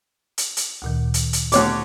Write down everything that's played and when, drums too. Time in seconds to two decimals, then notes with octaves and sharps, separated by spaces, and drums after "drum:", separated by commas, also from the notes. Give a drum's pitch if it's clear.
0.38 drum: hi-hat
0.57 drum: hi-hat
0.82 D2 A#2 D#3
1.14 drum: hi-hat
1.33 drum: hi-hat
1.52 D2 B3 G4 C#5 D6, drum: hi-hat